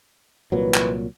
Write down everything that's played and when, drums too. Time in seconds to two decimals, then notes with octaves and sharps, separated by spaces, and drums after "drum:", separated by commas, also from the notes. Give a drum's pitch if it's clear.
0.52 C2 A#2 E3 F#3 B4
0.74 drum: clap